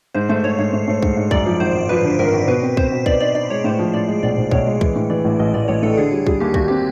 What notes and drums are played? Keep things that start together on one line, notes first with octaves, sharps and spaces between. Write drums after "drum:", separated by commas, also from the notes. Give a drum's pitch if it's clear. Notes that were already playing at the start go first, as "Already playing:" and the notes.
G#2 C5
A3 C5
G#2 C#5
G#2 C#5
A3
A3
G#2, drum: kick
G#2
F#2 D5, drum: kick
F3
G#1 C5
G#1
F3 B4
D3
G#1 A#4
G#1
B2 B4
C4
C4 C5, drum: kick
B2
D#4 D5, drum: kick
D#4 D5
D#4 D5
G#3 C#5
A2 C5
F3
A2 D5
G#3
B1 D5
B1
B1 C#5, drum: kick
G#3
E3, drum: kick
A2
E3 D5
A1
A1 D#5
A1 D5
A1 C#5
A2 A4
D3 G#4
G3
G3 G#4, drum: kick
D#2 G4
D#2 F#4, drum: kick
C4 G4